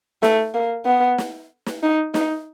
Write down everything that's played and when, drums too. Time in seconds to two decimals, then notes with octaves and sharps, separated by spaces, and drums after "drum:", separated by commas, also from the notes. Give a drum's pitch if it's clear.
0.23 A3, drum: snare
0.54 A#3
0.86 B3
1.18 drum: snare
1.66 drum: snare
1.83 D#4
2.14 D#4, drum: snare